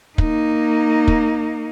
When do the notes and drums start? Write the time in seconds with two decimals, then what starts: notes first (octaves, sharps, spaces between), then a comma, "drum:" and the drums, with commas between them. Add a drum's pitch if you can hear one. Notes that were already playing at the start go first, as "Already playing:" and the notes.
0.18 A#3 D#4, drum: kick
1.08 drum: kick